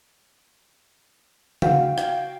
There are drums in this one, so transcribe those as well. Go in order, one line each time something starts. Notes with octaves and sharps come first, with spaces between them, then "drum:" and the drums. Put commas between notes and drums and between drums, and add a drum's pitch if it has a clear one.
F#4 F5 G5, drum: tom C#3
drum: rim click